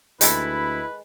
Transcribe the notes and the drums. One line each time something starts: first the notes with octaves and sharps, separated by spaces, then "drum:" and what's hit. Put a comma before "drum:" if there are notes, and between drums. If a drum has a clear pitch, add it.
D2 D#3 G#3 E4 A4 B4, drum: hi-hat